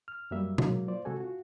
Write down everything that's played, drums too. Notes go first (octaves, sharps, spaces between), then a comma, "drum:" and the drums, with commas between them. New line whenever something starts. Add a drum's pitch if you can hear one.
F6
F#2 F#3 G3 A#3 E5
F#3 G#3 A#3, drum: tom B2
F4 C5 D5
C3 G#3 F#4 A4 G#5
F4 F#4